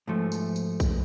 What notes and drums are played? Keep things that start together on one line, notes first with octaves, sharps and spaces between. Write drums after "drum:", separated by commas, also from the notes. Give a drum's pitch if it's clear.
G#2 F3 A3
drum: tambourine
drum: tambourine
drum: kick A#1, tambourine